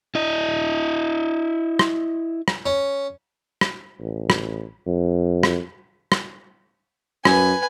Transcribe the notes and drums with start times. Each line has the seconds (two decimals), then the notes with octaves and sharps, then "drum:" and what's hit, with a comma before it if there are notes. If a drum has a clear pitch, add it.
0.15 E4 D#5
1.79 drum: rim click
2.48 drum: rim click
2.66 C#4
3.61 drum: rim click
4.00 A1
4.30 drum: rim click
4.87 F2
5.43 drum: rim click
6.12 drum: rim click
7.25 F#2 B4 G#5, drum: rim click